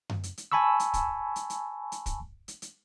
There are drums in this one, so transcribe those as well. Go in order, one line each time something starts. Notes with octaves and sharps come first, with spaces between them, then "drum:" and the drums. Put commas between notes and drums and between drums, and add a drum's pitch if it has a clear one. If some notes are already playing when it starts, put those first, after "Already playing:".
drum: tom F#2
drum: hi-hat
drum: hi-hat
G#5 A5 B5 C#6 E6
drum: hi-hat
drum: kick, hi-hat
drum: hi-hat
drum: hi-hat
drum: hi-hat
drum: kick, hi-hat
drum: hi-hat
drum: hi-hat